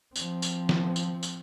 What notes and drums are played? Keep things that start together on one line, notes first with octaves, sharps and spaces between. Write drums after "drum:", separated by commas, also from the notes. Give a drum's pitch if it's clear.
F3 C4, drum: tambourine
drum: tambourine
drum: snare
drum: tambourine
drum: tambourine